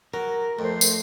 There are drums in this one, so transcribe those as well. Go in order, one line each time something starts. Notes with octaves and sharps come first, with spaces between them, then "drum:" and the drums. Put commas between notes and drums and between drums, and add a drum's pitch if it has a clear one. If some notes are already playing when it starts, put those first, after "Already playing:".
F#3 A#4
F2 A3 C5
drum: tambourine